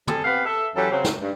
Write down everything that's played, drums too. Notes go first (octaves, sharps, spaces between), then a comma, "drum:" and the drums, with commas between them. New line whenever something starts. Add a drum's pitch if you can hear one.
G3 C4 G#4 A4, drum: tom
B3 C4 G4 B4 F5 F#5
A4 E5
F#2 E3 F#3 G4 A4
C#3 F#3 C4
drum: snare
G2